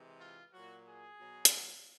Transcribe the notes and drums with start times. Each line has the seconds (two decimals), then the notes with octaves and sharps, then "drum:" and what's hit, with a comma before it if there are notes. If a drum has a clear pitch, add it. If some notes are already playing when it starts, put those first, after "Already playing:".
Already playing: C3 E3 G#3
0.20 F4
0.53 A#2 F#3 F#4
0.87 G#4
1.20 B2 F#3
1.45 drum: hi-hat